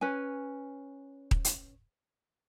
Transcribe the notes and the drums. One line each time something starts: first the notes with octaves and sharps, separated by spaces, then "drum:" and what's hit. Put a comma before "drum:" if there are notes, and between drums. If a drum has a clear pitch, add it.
C#4 B4 G#5
drum: kick D#1
drum: hi-hat